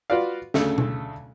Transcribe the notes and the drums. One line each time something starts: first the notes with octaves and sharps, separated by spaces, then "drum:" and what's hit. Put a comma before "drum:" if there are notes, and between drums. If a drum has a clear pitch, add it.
F4 F#4 B4 D5 F5
D2 C#3 A3 A4, drum: snare
drum: tom B2